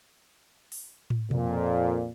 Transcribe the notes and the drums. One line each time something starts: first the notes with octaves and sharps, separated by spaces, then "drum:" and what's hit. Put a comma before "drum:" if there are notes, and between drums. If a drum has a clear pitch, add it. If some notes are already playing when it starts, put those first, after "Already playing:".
drum: open hi-hat
drum: tom
F2 A#2, drum: tom B2